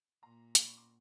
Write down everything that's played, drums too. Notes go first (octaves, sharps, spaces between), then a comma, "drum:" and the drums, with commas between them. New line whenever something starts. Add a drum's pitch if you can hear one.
A#2 A#5 C6
C6 D6, drum: hi-hat
B5 C#6
C6 D6